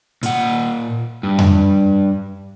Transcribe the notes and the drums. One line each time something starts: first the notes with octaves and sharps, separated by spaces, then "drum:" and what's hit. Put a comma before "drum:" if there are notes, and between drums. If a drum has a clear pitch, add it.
A#2 F#5, drum: hi-hat
G2
drum: tom F2